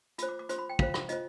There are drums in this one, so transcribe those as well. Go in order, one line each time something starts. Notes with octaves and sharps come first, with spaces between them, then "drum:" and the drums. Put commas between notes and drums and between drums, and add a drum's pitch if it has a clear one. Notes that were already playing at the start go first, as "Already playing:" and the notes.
F4 C5 B5, drum: hi-hat
D6
D6
F4 C5 C6, drum: hi-hat
B5
G5
F4 C5 F5, drum: kick
drum: rim click
F4 C5 D#5, drum: hi-hat